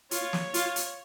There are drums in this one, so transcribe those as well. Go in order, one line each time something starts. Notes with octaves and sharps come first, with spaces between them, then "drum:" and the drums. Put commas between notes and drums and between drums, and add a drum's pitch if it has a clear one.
F4 C#5, drum: hi-hat
drum: snare
F4, drum: hi-hat
drum: hi-hat